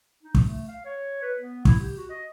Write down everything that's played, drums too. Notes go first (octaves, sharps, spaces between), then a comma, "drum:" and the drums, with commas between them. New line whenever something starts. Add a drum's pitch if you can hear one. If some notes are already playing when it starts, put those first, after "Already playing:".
D#4
drum: kick
A3
F5
C#5
B4
B3
E4, drum: kick
G4
F#4
D#5